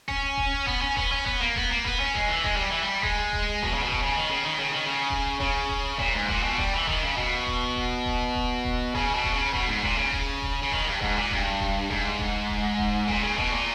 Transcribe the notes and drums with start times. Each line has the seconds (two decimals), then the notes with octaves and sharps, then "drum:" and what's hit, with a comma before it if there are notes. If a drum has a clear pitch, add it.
0.09 C#4, drum: kick D#1
0.37 drum: kick D#1
0.67 B3, drum: kick D#1
0.81 C#4
0.97 B3, drum: kick D#1
1.12 C#4
1.26 B3, drum: kick D#1
1.40 A#3
1.56 B3, drum: kick D#1
1.70 A#3
1.85 B3, drum: kick D#1
2.00 C#4
2.15 G#3, drum: kick D#1
2.29 E3
2.44 G#3, drum: kick D#1
2.56 G3
2.70 E3
2.82 G3
3.03 G#3, drum: kick D#1
3.33 drum: kick D#1
3.63 B2, drum: kick D#1
3.74 C#3
3.83 B2
3.92 drum: kick D#1
4.02 C#3
4.16 D#3
4.29 C#3
4.44 D#3
4.58 C#3
4.71 D#3
4.85 C#3
5.10 drum: kick D#1
5.40 C#3, drum: kick D#1
5.69 drum: kick D#1
5.99 A#2, drum: kick D#1
6.14 G#2
6.28 A#2, drum: kick D#1
6.43 B2
6.58 G3, drum: kick D#1
6.73 E3
6.88 D#3, drum: kick D#1
7.02 C#3
7.17 B2, drum: kick D#1
7.47 drum: kick D#1
7.76 drum: kick D#1
8.06 drum: kick D#1
8.35 drum: kick D#1
8.65 drum: kick D#1
8.95 C#3, drum: kick D#1
9.14 B2
9.24 drum: kick D#1
9.33 C#3
9.53 B2, drum: kick D#1
9.68 G#2
9.83 A#2, drum: kick D#1
9.98 C#3
10.12 drum: kick D#1
10.42 drum: kick D#1
10.63 C#3
10.72 D#3, drum: kick D#1
10.86 G2
11.01 G#2, drum: kick D#1
11.16 A#2
11.31 G2, drum: kick D#1
11.60 drum: kick D#1
11.90 G#2, drum: kick D#1
12.19 drum: kick D#1
12.49 drum: kick D#1
12.78 drum: kick D#1
13.08 A#2, drum: kick D#1
13.23 C#3
13.38 B2, drum: kick D#1
13.53 A#2